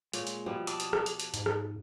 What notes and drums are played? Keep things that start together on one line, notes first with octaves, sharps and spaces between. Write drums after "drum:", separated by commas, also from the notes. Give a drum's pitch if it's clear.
A#2 G#3 C#5, drum: hi-hat
drum: hi-hat
B2 F3 G3
D5 A5 D6 D#6, drum: hi-hat
drum: hi-hat
drum: rim click
drum: hi-hat
drum: hi-hat
G#2, drum: hi-hat
drum: rim click